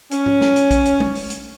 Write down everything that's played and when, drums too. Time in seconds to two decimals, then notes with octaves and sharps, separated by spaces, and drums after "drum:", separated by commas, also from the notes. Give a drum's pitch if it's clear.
0.11 C#4, drum: hi-hat
0.26 drum: tom G#2
0.41 drum: snare
0.56 drum: hi-hat
0.71 drum: kick, hi-hat
0.85 drum: hi-hat
1.00 drum: tom
1.15 drum: open hi-hat
1.30 drum: hi-hat